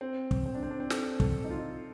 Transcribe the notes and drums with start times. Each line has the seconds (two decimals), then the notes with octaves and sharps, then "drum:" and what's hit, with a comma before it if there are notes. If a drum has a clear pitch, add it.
0.01 C4
0.31 drum: kick
0.46 C4
0.55 D4
0.63 C4
0.70 D4
0.80 C4
0.90 A4, drum: snare
1.20 A4, drum: kick
1.44 D#4
1.50 F4